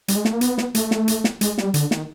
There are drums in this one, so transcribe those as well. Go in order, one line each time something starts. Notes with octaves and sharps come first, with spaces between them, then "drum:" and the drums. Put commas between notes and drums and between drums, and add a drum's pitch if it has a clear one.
G3, drum: hi-hat
G#3
A3, drum: snare
A#3
B3, drum: hi-hat
drum: snare
A3, drum: hi-hat
drum: snare
drum: hi-hat
drum: snare
G#3, drum: hi-hat
G3, drum: snare
D3, drum: hi-hat
D#3, drum: snare